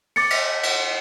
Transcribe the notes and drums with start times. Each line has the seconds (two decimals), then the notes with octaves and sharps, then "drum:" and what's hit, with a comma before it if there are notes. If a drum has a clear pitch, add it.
0.16 D6 A6 C#7, drum: open hi-hat
0.30 drum: cymbal
0.63 drum: cymbal